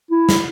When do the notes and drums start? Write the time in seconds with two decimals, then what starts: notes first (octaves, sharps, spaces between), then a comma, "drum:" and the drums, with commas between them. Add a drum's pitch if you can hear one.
0.11 E4
0.29 drum: snare